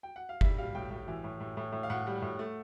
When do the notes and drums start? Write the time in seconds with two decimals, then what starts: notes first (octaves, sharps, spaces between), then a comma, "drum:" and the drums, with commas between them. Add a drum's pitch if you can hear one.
0.03 G5
0.16 F#5
0.29 F5
0.41 G3 E5, drum: kick F#1
0.58 G3 F5
0.75 A2 G5
0.90 A2
1.08 E3
1.24 A2
1.40 A2
1.57 A2
1.72 A2
1.83 F5
1.90 A2 F#5
2.06 G3
2.22 A2
2.39 A3